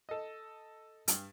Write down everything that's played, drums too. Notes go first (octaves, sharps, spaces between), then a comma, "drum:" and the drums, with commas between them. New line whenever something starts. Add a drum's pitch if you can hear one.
A4 D#5
G2, drum: hi-hat